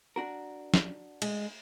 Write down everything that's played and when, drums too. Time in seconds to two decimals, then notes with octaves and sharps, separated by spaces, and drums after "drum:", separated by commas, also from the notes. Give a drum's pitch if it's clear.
0.16 D4 F#4 A#4
0.74 drum: snare
1.22 G#3, drum: cymbal